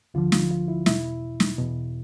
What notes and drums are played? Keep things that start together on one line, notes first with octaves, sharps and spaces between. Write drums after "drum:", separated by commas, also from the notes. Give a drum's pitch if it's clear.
D2 D3 F3 F4
F4, drum: snare
F4
E4
E2 B2 E4, drum: snare
drum: snare
E2 B2